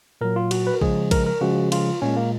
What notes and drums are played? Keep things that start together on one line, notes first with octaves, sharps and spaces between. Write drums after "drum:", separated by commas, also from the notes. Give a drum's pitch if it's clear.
A#2 F#3 A#4
F4
F#4, drum: cymbal
B4
A#4
C#3 F3 G#3 G#4, drum: kick A#1
A#4, drum: kick A#1, cymbal
A#4
C#3 F3 G#3 F#4
F4, drum: cymbal
A#2 G#3 C#4
A#3